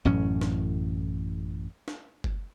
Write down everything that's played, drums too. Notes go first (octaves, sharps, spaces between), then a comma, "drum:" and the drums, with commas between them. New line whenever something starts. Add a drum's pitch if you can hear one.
A1 F#2 A2 C#4
drum: snare
drum: snare
drum: kick F#1